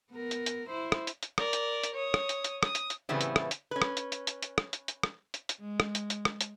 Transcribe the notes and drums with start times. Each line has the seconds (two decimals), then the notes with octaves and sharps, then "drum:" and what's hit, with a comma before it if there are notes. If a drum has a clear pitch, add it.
0.12 B3 A#4
0.31 drum: hi-hat
0.46 drum: hi-hat
0.69 E4 C5
0.92 drum: rim click
1.07 drum: hi-hat
1.23 drum: hi-hat
1.38 A#4 D5, drum: rim click
1.53 drum: hi-hat
1.83 drum: hi-hat
1.95 C#5 D#6
2.14 drum: rim click
2.29 drum: hi-hat
2.44 drum: hi-hat
2.63 D#6, drum: rim click
2.75 drum: hi-hat
2.90 drum: hi-hat
3.09 A2 C#3 E3 G3 B3 C4
3.21 drum: hi-hat
3.36 drum: rim click
3.51 drum: hi-hat
3.71 C#4 B4
3.82 drum: rim click
3.97 drum: hi-hat
4.12 drum: hi-hat
4.27 drum: hi-hat
4.43 drum: hi-hat
4.58 drum: rim click
4.73 drum: hi-hat
4.88 drum: hi-hat
5.03 drum: rim click
5.34 drum: hi-hat
5.49 drum: hi-hat
5.60 G#3
5.80 drum: rim click
5.95 drum: hi-hat
6.10 drum: hi-hat
6.25 drum: rim click
6.41 drum: hi-hat